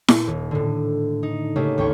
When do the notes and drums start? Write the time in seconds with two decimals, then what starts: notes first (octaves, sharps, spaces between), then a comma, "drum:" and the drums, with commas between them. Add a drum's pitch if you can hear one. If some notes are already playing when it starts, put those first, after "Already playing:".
0.08 A#2, drum: snare E4
0.27 D#1
0.51 A2 D3
1.23 D#4
1.56 C#3 A3 A#3 C#4 G4
1.78 G#1 D2 C#4 G5 C#6